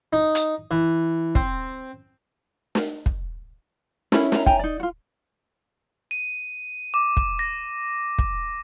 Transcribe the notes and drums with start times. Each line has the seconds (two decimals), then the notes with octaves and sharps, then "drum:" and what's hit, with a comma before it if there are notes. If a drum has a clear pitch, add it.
0.13 D#4
0.35 drum: hi-hat
0.71 E3
1.35 C4, drum: kick
2.75 drum: snare
3.06 drum: kick
4.12 C#4 E4 A4 B5, drum: snare
4.32 A4 A#5, drum: snare
4.46 G5 G#5 A#5, drum: kick
4.59 D#4 D5
4.80 F4 F#4
6.11 D#7
6.94 D6
7.17 drum: kick
7.39 A#6
8.19 drum: kick